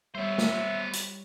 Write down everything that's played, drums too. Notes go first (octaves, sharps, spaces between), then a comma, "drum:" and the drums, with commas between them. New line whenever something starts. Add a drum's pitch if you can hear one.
G3 B3 C5 C#5 E5
drum: snare
drum: hi-hat